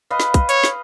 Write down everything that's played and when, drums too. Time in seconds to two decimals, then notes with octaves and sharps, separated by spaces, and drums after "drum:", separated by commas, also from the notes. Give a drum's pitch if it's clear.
0.10 B4 D#5 F5
0.20 drum: snare
0.34 drum: kick, hi-hat
0.49 C#5, drum: hi-hat
0.64 drum: snare